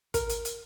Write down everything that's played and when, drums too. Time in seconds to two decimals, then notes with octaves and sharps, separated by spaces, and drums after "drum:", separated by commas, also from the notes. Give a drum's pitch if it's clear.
0.14 A#4, drum: kick, hi-hat
0.30 drum: hi-hat
0.45 drum: hi-hat